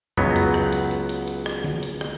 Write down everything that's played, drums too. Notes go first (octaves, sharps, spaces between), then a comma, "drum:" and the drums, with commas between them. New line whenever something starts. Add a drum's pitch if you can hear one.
C#2 F#3 B3, drum: tom F2
drum: hi-hat
drum: rim click
drum: hi-hat
drum: hi-hat
drum: hi-hat
drum: hi-hat
drum: rim click
drum: tom D3
drum: hi-hat
drum: rim click